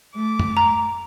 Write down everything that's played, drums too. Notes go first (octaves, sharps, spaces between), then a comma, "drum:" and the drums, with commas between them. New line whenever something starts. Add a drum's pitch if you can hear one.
A3 D6
drum: tom
A#5